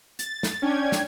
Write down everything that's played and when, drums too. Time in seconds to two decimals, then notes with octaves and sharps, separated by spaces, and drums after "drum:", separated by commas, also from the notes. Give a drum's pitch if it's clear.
0.19 A6, drum: hi-hat
0.43 drum: snare
0.62 C#4 D4 G5 G#6
0.92 drum: snare